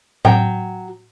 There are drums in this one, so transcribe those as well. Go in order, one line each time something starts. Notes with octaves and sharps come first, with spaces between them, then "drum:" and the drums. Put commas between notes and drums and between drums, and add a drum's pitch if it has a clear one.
F#3 G5, drum: tom A2